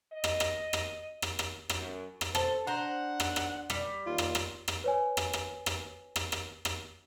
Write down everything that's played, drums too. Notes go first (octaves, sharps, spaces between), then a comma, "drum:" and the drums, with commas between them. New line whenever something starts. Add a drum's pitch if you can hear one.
D#5
drum: rim click
drum: rim click
drum: rim click
drum: rim click
drum: rim click
F#2, drum: rim click
drum: rim click
A4 C5, drum: rim click
D4 C5 F#5 A#5
drum: rim click
drum: rim click
G3, drum: rim click
D#2 F4
drum: rim click
drum: rim click
drum: rim click
B4 C#5 G#5
drum: rim click
drum: rim click
drum: rim click
drum: rim click
drum: rim click
drum: rim click